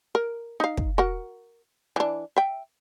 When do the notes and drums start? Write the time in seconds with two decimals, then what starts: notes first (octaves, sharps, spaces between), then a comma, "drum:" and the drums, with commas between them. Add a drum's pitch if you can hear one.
0.15 A#4
0.60 D#4 F5
0.77 drum: kick
0.98 F#4 A#4 F#5
1.96 E3 D4
2.36 E5 G5